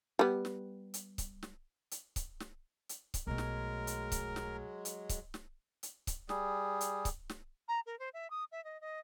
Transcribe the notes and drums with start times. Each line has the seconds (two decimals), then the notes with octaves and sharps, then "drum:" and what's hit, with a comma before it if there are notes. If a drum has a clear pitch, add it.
0.19 G3 B3
0.45 drum: snare
0.94 drum: hi-hat
1.18 drum: kick C#1, hi-hat
1.43 drum: snare
1.91 drum: hi-hat
2.16 drum: kick C#1, hi-hat
2.40 drum: snare
2.89 drum: hi-hat
3.14 drum: kick C#1, hi-hat
3.27 B1 F#3 G#3 A3 A#4
3.38 drum: snare
3.87 drum: hi-hat
4.12 drum: kick C#1, hi-hat
4.36 drum: snare
4.85 drum: hi-hat
5.09 drum: kick C#1, hi-hat
5.34 drum: snare
5.83 drum: hi-hat
6.07 drum: kick C#1, hi-hat
6.29 G3 G#4, drum: snare
6.81 drum: hi-hat
7.05 drum: kick C#1, hi-hat
7.29 drum: snare
7.68 A#5
7.86 A#4
7.99 C5
8.14 E5
8.30 D#6
8.52 E5
8.64 D#5
8.81 D#5